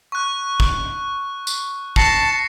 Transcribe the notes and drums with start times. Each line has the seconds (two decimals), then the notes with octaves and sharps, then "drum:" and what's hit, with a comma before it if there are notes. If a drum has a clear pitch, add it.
0.12 C#6 F#6
0.60 drum: kick
1.47 drum: tambourine
1.96 A5 A#6 C7 C#7, drum: kick